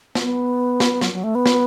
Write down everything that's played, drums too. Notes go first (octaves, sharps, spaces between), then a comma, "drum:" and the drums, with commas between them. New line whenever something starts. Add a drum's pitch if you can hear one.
B3, drum: snare
drum: snare
F#3, drum: snare
F#3
A3
B3
drum: snare